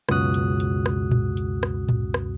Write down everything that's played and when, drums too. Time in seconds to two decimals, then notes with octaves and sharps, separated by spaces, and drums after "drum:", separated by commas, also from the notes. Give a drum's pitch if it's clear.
0.09 C#2 F#2 B2 F#4 D#6 F#6, drum: rim click
0.34 drum: hi-hat
0.60 drum: hi-hat
0.86 drum: rim click
1.11 drum: tom A2
1.37 drum: hi-hat
1.63 drum: rim click
1.89 drum: tom A2
2.14 drum: rim click